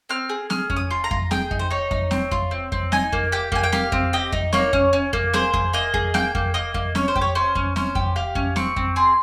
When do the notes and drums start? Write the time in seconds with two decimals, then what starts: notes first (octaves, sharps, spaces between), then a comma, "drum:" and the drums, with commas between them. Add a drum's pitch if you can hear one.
0.09 C4 F6
0.29 G#4
0.50 G#4 F6, drum: snare C4
0.70 C#4, drum: kick F2
0.76 D#6
0.91 F4
1.04 A#5
1.11 F4, drum: kick F2
1.31 G#4 G5, drum: snare C4
1.51 D#4, drum: kick F2
1.59 C5
1.70 D#4 C#5
1.91 D#4, drum: kick F2
2.11 C4, drum: snare C4
2.31 F4, drum: kick F2
2.51 C4
2.72 C4, drum: kick F2
2.92 D#4 G#5, drum: snare C4
3.13 A#3, drum: kick F2
3.32 G4 G5
3.52 A#3 G#5, drum: kick F2
3.63 G5
3.72 G4 F5, drum: snare C4
3.92 C4, drum: kick F2
4.13 G4 D#5
4.32 D#4, drum: kick F2
4.53 A#3 C#5, drum: snare C4
4.73 C#4, drum: kick F2
4.93 C#4
5.13 A#3, drum: kick F2
5.34 G#4 C5, drum: snare C4
5.54 G#4, drum: kick F2
5.73 A#3 D#5
5.94 G#4, drum: kick F2
6.14 A#3 G5, drum: snare C4
6.35 A#3, drum: kick F2
6.54 A#3 D#5
6.74 A#3, drum: kick F2
6.95 C#4 C#5, drum: snare C4
7.08 C5
7.16 G4, drum: kick F2
7.22 C#5
7.35 C#4 C5
7.55 C#4, drum: kick F2
7.76 C#4 C5, drum: snare C4
7.95 G4, drum: kick F2
8.16 G4 F5
8.35 C#4, drum: kick F2
8.56 C4 C#6, drum: snare C4
8.76 C4, drum: kick F2
8.96 G#4 C6